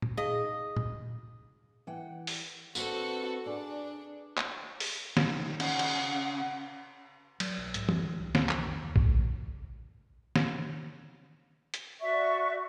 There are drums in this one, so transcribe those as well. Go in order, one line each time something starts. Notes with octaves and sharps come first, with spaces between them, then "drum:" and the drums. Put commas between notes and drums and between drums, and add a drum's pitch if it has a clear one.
drum: tom A#2
D#4 G#4 D#5 F5
drum: tom A#2
E3 F#5 G5
drum: open hi-hat
C4 D4 F#4 A4 B4, drum: tambourine
D4 G#4 D5
drum: clap
drum: open hi-hat
C2 D#3, drum: snare
C#3 F#5, drum: cymbal
drum: cymbal
F#3, drum: cymbal
B1
G#2, drum: hi-hat
G2, drum: tom
D#3
C2
D#2, drum: snare
B1, drum: clap
F2
D#2
A2, drum: kick A#1
drum: snare
drum: hi-hat
F#4 D5 E5 C#6